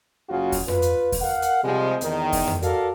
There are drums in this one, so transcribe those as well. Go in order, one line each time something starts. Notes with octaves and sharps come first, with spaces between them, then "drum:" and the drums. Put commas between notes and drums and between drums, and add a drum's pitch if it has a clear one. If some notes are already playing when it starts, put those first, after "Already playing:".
F#1 C#3 F4 F#4
drum: kick E2, open hi-hat
F4 B4, drum: tom F2
drum: hi-hat
drum: kick E2, open hi-hat
A#4 F5 F#5
drum: hi-hat
C3 F3 G3 G#3
E2 D#3, drum: hi-hat
drum: kick E2, open hi-hat
drum: tom F2
F#4 A4 A#4 D5 F5, drum: hi-hat